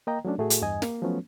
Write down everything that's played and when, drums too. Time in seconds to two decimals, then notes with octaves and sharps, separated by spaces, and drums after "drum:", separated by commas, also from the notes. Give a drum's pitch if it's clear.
0.07 A#3 D#5 G5 A#5
0.25 F#3 A3 C#4 D4
0.38 A2 A3 F#4 G#4
0.50 drum: hi-hat
0.62 E2 G2 D#5 G#5
0.82 A#3, drum: snare
1.02 F3 F#3 A3 B3 C#4